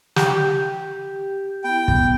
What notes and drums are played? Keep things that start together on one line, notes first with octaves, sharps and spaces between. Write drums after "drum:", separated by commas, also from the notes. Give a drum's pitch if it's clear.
G4, drum: snare
B3 E4 G5
drum: kick